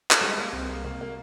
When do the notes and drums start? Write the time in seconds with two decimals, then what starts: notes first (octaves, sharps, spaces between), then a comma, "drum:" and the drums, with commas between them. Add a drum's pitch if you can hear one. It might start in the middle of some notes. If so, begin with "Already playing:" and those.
0.11 drum: clap
0.21 G3 G#3
0.38 A#3
0.53 C2 C4
0.69 A#3
0.85 C3 A#3
1.01 A#3